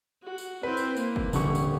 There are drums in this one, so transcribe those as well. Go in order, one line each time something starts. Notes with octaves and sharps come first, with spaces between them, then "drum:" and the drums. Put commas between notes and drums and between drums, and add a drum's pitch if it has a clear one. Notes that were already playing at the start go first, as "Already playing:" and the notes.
F#4
drum: tambourine
C4 E4 B4 C5
drum: tambourine
A#3, drum: tambourine
drum: kick
D#1 D3 C#6, drum: tambourine
drum: tambourine